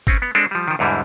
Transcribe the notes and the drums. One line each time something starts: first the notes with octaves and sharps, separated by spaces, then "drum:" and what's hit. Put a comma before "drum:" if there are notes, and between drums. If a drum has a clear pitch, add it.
C4 C#4, drum: kick G1
B3
G#3 C4 D4 A4
F3 G3
D#3 F3
E2 G#2 D3 E3 G3